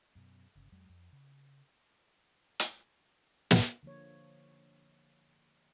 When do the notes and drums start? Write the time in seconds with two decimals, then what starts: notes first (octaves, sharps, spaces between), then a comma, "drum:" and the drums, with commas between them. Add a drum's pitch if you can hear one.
0.15 F#2 B2
0.56 G1 C#3
0.72 F2 F#3 G#3
0.90 F2
1.13 C#3
2.60 drum: hi-hat
3.51 drum: snare
3.83 D3 F3 A#3 C#5